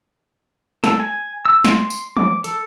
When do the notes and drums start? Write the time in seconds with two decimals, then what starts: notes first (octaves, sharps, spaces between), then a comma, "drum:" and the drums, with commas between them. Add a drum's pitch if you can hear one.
0.84 A4, drum: snare
1.00 G#5
1.45 E6
1.64 C6, drum: snare
1.90 drum: tambourine
2.17 D6, drum: tom E3
2.44 A4, drum: hi-hat